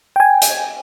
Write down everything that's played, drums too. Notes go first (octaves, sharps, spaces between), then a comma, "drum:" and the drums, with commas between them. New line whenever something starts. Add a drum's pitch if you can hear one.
G5 G#5
drum: hi-hat